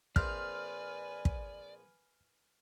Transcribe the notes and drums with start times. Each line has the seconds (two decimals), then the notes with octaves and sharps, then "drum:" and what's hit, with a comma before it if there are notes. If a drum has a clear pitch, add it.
0.16 A#1 C4 B4 D5 E5 G#5 F6, drum: kick
1.25 drum: kick